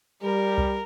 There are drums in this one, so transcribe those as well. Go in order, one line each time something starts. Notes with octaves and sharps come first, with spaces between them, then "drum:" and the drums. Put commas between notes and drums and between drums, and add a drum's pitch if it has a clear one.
G3 A#4
drum: kick C2